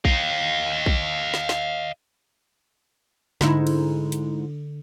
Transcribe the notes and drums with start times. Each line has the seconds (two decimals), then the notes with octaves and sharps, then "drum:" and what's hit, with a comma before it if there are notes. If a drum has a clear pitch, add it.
0.05 D#5 F5, drum: kick A#1
0.86 drum: kick A#1
1.34 drum: snare
1.49 drum: snare
3.41 G#2 D3 D#4 E4, drum: snare
3.67 drum: cymbal
4.12 drum: hi-hat